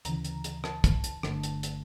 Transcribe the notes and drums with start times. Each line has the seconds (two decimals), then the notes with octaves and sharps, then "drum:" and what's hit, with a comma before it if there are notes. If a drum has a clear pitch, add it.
0.05 D2 C#3 E3 A#5, drum: hi-hat
0.24 drum: hi-hat
0.44 drum: hi-hat
0.64 A5, drum: rim click
0.84 drum: kick, hi-hat
1.04 drum: hi-hat
1.23 G1 G2 D3 A3 D4, drum: rim click
1.43 drum: hi-hat
1.63 drum: hi-hat